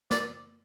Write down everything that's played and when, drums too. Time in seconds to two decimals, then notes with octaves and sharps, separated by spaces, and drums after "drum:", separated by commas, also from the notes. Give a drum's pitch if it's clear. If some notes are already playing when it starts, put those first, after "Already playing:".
0.11 D5, drum: snare